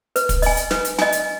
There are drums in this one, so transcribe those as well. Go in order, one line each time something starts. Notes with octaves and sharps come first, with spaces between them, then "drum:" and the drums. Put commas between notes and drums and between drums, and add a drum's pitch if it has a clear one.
B4, drum: hi-hat
drum: kick, hi-hat
D#5 G#5, drum: open hi-hat
drum: hi-hat
B4, drum: snare
drum: hi-hat
D#5 G#5, drum: snare
drum: hi-hat